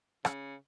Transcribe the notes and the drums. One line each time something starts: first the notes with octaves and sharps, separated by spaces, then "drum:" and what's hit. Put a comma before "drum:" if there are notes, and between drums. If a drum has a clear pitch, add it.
C#3, drum: rim click